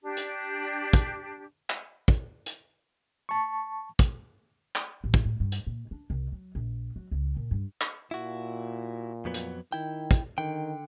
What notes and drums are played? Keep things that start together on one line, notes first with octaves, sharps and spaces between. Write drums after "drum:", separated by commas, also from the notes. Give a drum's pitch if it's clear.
D4 G4
drum: hi-hat
drum: kick, hi-hat
drum: clap
drum: kick
drum: hi-hat
A5 C#6
drum: kick, hi-hat
drum: clap
A1
drum: kick
A2
G2
drum: hi-hat
A#2
D4
C2
F#3
A#1
F#3
C#2
A#2
G2
drum: clap
A#2 E4 F#4
F2 F#3 B3
drum: hi-hat
D#3 E4 G5
drum: kick, hi-hat
D3 D#3 G5